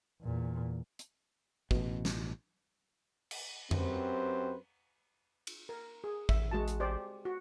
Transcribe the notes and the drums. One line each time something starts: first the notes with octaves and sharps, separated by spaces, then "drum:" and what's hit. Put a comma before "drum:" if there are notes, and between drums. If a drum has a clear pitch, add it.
E2 A#2
drum: hi-hat
A1 B2, drum: kick
drum: snare
drum: cymbal
F#2 C4 G4 B4 C5, drum: tom F2
drum: cymbal
A#4
G#4
A1 E5, drum: kick
G#3 F#4 A5
drum: hi-hat
G4 C5 D5
F#4